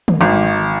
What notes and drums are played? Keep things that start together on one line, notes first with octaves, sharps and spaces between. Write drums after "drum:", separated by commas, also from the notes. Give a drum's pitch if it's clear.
drum: tom D3
G#1